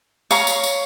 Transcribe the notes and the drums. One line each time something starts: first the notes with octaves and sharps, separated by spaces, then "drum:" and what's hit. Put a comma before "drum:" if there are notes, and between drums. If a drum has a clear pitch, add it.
C#5 F5 A#5 C#6, drum: tambourine
drum: tambourine
drum: tambourine